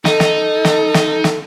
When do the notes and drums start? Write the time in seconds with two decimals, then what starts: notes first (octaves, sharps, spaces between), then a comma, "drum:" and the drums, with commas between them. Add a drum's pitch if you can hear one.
0.05 D#4 A4, drum: snare
0.20 drum: snare
0.65 drum: snare
0.94 drum: snare
1.24 drum: snare